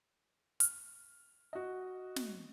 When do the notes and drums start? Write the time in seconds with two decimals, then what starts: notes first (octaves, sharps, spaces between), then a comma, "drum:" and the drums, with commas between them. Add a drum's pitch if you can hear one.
0.60 F6, drum: hi-hat
1.53 F#4 D#5
2.16 drum: snare